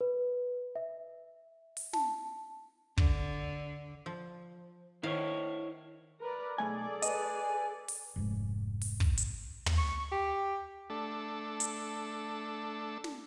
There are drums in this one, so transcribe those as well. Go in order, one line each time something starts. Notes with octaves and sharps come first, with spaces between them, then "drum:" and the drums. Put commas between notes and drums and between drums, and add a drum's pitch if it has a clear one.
B4
E5
drum: open hi-hat
A5, drum: snare
D3, drum: kick
F3
D#3 E4 C5 C#5 F5
A#4 B4 D5
B1 A3 G#4 A4 D5 G#5
B4 D#5 G#5, drum: hi-hat
drum: open hi-hat
F1 G#2
drum: open hi-hat
drum: kick
drum: hi-hat
drum: tom
C#6
G4
A3 D4 A4
drum: hi-hat
drum: snare